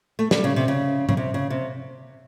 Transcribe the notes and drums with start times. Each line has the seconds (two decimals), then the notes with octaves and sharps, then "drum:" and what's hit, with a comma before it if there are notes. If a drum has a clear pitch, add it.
0.19 A3
0.31 G3, drum: snare
0.44 C#3
0.56 C3
0.68 C#3
1.09 C#3, drum: tom G#2
1.17 C3
1.34 C#3
1.50 C3